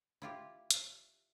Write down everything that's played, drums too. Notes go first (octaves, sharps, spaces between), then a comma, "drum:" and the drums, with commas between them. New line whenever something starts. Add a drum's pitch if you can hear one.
E4 F4 G4
drum: hi-hat